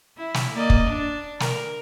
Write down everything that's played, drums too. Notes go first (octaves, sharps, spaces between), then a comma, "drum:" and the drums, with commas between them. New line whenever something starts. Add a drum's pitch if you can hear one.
E4
drum: snare
A#3 D5 D#5
drum: kick
D4
A#4, drum: snare